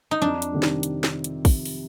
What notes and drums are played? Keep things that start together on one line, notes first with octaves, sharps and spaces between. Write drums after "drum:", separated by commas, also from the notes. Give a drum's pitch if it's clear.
D#4
F2 D4
drum: hi-hat
C3 D#3 G3
drum: snare
drum: hi-hat
drum: snare
drum: hi-hat
drum: kick, open hi-hat
drum: open hi-hat